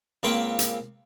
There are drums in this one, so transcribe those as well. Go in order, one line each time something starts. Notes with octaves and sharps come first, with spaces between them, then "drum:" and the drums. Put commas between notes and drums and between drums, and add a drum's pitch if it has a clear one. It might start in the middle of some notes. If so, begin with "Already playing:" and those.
C#2 A#3 C4 B4 G5 D6
drum: hi-hat